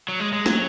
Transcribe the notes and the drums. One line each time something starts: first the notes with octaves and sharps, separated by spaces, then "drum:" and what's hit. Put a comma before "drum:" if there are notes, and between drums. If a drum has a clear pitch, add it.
F#3
G#3
G#3
F#3, drum: snare